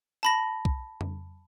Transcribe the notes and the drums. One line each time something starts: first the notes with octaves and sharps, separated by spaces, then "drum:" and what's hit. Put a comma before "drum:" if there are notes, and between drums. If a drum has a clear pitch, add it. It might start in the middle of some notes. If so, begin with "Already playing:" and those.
A5 B5 A#6
drum: kick
drum: tom F2